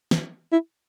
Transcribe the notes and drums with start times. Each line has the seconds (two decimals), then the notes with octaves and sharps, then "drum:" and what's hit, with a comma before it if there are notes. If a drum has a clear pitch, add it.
0.11 drum: snare
0.52 E4